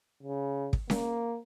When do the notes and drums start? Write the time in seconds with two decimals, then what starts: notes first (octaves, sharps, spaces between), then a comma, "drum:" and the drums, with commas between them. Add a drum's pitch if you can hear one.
0.23 C#3
0.73 drum: kick
0.90 A#3, drum: snare C#4